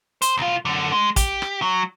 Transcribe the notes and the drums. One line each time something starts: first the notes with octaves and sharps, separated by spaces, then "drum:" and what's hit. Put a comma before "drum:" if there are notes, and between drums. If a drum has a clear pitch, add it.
C5, drum: hi-hat
C2 F4
F#2 D3
G#3
G4, drum: kick, hi-hat
drum: rim click
F#3